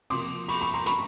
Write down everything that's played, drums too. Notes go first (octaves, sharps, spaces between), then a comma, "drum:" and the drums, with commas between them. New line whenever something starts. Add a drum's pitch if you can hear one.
C3 F3 A#3 C6 D6, drum: open hi-hat
B5 C#6, drum: open hi-hat
B5 C#6
A#5 C6
B5 C#6, drum: hi-hat